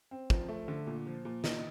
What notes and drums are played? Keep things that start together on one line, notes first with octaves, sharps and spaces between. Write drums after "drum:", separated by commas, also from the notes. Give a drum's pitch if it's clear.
C4
F3, drum: kick
A3
D3
A#2
F3
A#2
D#4, drum: snare